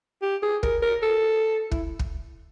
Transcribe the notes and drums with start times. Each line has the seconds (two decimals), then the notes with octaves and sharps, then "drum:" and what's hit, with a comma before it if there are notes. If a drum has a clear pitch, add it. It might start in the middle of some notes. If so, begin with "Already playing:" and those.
0.22 G4
0.42 G#4
0.63 A#4, drum: kick
0.82 A#4
1.02 A4
1.71 E4, drum: kick
1.99 drum: kick